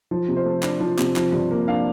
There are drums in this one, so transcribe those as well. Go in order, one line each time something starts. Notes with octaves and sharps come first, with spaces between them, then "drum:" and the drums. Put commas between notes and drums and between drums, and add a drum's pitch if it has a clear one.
F3
C3
C5
A3
D4, drum: clap
F3
C3, drum: clap
F3, drum: clap
G2, drum: tom
A#3
D4 F5